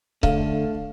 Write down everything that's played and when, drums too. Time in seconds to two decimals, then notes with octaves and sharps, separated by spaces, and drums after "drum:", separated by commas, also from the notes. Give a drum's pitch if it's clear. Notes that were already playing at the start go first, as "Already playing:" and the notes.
0.23 D3 A3 F5, drum: kick C#1